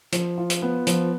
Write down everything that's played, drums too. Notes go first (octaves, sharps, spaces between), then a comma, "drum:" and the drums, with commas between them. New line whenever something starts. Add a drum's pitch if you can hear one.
F3, drum: hi-hat
F4
drum: hi-hat
B3
F3, drum: hi-hat